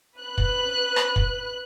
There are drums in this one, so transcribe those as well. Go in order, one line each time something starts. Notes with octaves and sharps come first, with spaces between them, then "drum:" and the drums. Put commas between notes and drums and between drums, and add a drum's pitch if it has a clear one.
B4 F#6
drum: kick
drum: rim click
drum: kick